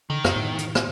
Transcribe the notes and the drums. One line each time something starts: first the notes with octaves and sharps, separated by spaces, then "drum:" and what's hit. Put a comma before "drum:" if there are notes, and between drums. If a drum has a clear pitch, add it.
D3 D#3
F#2, drum: rim click
A2
drum: hi-hat
drum: rim click